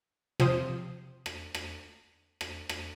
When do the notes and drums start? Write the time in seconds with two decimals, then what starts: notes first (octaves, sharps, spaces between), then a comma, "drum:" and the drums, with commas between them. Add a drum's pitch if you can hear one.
0.40 C3 F3 C5 D#6, drum: rim click
1.26 drum: rim click
1.55 drum: rim click
2.41 drum: rim click
2.69 drum: rim click